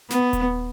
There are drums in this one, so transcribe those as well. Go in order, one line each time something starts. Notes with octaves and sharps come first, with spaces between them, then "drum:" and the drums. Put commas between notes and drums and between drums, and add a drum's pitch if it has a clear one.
B3, drum: snare
drum: kick D#1, hi-hat